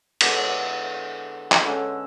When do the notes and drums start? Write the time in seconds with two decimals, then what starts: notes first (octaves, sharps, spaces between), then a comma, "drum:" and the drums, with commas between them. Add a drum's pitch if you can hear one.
0.21 D3 G#3 B3 E4 D5, drum: cymbal
0.34 C#5
0.46 D5
1.52 drum: clap
1.65 D3 G#3 C#4 E5